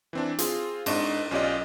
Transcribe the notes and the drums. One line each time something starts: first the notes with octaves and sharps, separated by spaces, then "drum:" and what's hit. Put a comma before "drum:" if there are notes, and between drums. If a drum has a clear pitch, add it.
E3 C4 D4
C4 F4 G#4, drum: hi-hat
G#2 C4 D4 D#5 C#6, drum: cymbal
B1 C#4 F4 G4 D5 D#5